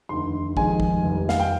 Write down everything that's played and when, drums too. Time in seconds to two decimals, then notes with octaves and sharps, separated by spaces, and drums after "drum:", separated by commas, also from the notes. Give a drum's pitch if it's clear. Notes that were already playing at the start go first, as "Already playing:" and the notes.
0.09 F1 D#2 D3 C6
0.57 F1 F2 D#3 G#3 G#5, drum: kick
0.80 drum: kick
1.03 F1 D#2 D#3 G3
1.29 F5, drum: snare
1.40 G5